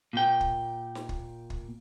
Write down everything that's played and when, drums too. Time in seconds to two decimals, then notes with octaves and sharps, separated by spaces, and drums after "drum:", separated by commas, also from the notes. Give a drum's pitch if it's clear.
0.13 A#2 G5
0.41 drum: kick
0.95 drum: snare
1.09 drum: kick
1.50 drum: kick